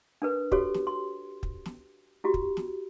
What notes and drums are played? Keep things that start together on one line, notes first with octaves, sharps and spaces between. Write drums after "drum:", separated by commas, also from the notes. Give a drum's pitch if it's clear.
D4 A#4 B4
F#4 G4 A4 C#5, drum: kick
drum: snare
C6
drum: kick
drum: snare
E4 F#4 G4
drum: kick
drum: snare